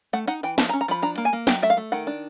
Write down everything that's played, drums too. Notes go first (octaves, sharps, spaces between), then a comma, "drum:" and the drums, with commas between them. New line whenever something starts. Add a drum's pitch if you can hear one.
A3 F#5
D#4 F#5
E3 G5
F3 A5, drum: snare
A#5
C#4
A#5
F3 B5
D4 A#5
A#3
G#5
A#3
F#3 G5, drum: snare
A3 E5
F5
A3
D#3 F#5
D4